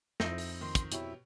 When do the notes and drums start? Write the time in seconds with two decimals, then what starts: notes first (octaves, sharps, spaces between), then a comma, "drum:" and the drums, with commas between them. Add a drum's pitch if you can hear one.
0.20 F2 F3 C4 D#4 E4, drum: snare
0.38 drum: open hi-hat
0.61 D#3 C6
0.75 drum: kick, hi-hat
0.92 B2 E4 G4 C#5, drum: hi-hat